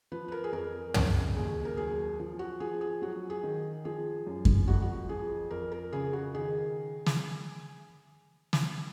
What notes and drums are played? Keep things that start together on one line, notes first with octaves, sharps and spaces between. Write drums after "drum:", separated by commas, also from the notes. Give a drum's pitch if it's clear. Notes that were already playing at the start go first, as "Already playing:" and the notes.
F3 B4
B4
A#4
G#4
F2 A#4
C#3, drum: tom
D#2 G#4
A#4
F#3 G#4
F3
F#4
F3 G#4
G#4
F#3 F#4
G#4
D#3
F3 G#4
F#2
drum: kick F#2
F2 F#4
F#4
F3 G#4
F2 A#4
A#4
C#3 G#4
F#4
D#3 G#4
drum: snare
drum: snare